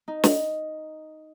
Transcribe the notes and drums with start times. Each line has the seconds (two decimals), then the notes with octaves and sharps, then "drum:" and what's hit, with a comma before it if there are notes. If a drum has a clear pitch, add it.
0.08 D#4
0.24 drum: snare